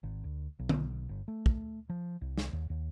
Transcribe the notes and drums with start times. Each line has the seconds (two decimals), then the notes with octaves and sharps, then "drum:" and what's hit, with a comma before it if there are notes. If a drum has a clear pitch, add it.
0.03 G#1
0.24 D2
0.59 B1
0.69 drum: tom D3
1.09 G1
1.28 A3
1.46 drum: kick
1.89 F3
2.21 C2
2.38 drum: snare
2.53 D#2
2.70 D#2